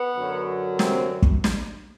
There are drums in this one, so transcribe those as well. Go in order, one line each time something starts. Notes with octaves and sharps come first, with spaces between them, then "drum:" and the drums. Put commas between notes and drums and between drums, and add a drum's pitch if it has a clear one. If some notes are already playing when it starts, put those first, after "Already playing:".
Already playing: B3
F#2 D3 F#3
C3 C4, drum: snare
drum: kick
drum: snare